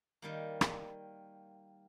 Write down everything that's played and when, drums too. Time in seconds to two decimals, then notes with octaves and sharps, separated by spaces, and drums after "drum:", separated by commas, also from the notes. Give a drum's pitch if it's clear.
0.22 D#3 G3 A#3
0.61 drum: rim click